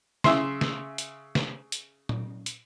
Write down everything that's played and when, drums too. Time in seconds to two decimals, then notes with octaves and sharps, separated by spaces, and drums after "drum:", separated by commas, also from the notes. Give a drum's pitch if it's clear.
0.24 C#3 E5 C6, drum: snare
0.61 drum: snare
0.98 drum: hi-hat
1.35 drum: snare
1.72 drum: hi-hat
2.09 drum: tom A#2
2.46 drum: hi-hat